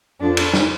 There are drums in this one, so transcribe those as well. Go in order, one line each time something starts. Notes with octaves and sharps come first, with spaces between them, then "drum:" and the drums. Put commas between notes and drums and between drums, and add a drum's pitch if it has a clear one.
F2 D3 F3 D4
drum: cymbal
drum: snare